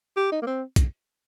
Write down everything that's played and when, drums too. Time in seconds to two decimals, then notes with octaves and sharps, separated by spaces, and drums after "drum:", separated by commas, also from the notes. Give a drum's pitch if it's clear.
0.17 G4
0.32 D#4
0.42 A#3
0.47 C4
0.76 drum: kick, hi-hat